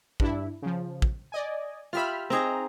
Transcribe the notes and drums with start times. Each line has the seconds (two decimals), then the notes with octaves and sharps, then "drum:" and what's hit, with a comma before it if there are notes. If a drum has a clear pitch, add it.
0.20 G2 D4 E4, drum: kick
0.62 C#3 F3
1.02 drum: kick
1.32 D5 D#5 G#5
1.93 F4 G4 E5 B5 F6
2.30 C4 D#4 G#4 A#5